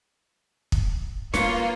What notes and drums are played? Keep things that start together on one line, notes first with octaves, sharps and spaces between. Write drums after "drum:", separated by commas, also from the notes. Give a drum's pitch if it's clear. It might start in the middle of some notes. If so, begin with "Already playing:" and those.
drum: kick
A#3 F4 B4 C#5, drum: snare